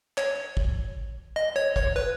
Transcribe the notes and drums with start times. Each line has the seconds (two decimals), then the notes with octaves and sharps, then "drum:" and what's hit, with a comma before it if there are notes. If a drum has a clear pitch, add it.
0.17 C#5, drum: clap
0.57 drum: kick
1.36 D#5
1.56 C#5
1.76 C#5, drum: kick
1.96 B4